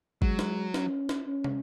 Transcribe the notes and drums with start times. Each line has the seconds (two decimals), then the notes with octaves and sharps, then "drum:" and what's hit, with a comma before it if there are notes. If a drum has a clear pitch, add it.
0.22 F#3 G#3, drum: kick
0.39 drum: snare
0.74 C#4, drum: snare
1.09 drum: snare
1.27 C#4
1.44 drum: tom